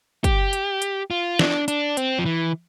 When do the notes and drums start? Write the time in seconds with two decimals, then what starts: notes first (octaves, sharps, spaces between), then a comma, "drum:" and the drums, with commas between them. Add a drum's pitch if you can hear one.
0.24 G4, drum: kick, hi-hat
0.53 drum: hi-hat
0.82 drum: hi-hat
1.11 F4
1.39 D4, drum: snare
1.68 D4, drum: hi-hat
1.97 C4, drum: hi-hat
2.19 F3
2.25 E3